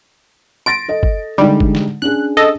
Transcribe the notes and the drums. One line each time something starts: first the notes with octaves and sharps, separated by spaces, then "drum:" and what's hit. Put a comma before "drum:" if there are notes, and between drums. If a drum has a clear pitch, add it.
C6 A6 A#6 D7
A4 D#5
drum: kick
D3 G3 G#3 D#4
drum: kick
drum: snare
C#4 D4 G#4 F#6
A4 D#5